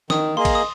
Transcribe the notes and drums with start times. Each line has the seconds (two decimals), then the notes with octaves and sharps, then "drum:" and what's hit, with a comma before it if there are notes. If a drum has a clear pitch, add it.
0.10 D#3 D#6, drum: snare
0.36 A#3 G#4 D#5 C6
0.45 drum: kick A1, cymbal
0.55 D#6